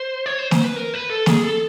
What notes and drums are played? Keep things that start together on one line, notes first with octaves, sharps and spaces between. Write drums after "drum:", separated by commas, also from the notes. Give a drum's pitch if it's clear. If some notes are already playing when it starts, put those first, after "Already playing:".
Already playing: C5
C#5
C5
C5, drum: snare
B4
A#4
B4
A4
G#4, drum: snare
A4